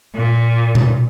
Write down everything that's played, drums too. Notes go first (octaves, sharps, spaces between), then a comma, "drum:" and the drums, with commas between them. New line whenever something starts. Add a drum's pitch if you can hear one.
A#2
drum: tom B2